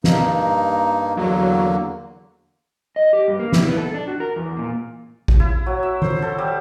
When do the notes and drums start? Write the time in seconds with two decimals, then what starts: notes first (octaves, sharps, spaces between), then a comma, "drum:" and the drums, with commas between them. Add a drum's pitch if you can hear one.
0.04 G2 A#3 D#4, drum: snare
1.17 E2 D3 F#3 A#3
2.96 D#5
3.13 G4
3.28 G2
3.39 A#3
3.52 E4, drum: snare
3.66 B3
3.77 A4
3.94 D4
4.08 F#4
4.20 A#4
4.36 E2
4.57 A#2
5.28 drum: kick A1
5.40 E4
5.66 F#3
5.83 E5
6.02 C5, drum: tom D#3
6.22 A4
6.38 G3